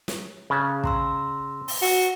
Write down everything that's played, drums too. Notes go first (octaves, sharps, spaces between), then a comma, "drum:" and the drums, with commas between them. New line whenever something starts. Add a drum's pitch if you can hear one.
drum: snare
C#3 C#4 G#4 A5 F#6
A#5 C6 E6, drum: kick
drum: open hi-hat
F#4 F#5, drum: open hi-hat